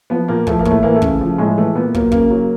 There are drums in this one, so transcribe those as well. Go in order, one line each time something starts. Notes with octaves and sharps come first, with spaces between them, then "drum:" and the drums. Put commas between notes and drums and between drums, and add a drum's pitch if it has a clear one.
F3 B3
A#2 A#3
F3 A3, drum: kick
A#3
A2, drum: kick
A3
E3 A#3
A3
C#3, drum: kick
F3
A2 G#3
E3 A3
A#2 B3
F#3 A#3, drum: kick
C#3 A#3, drum: kick
F#3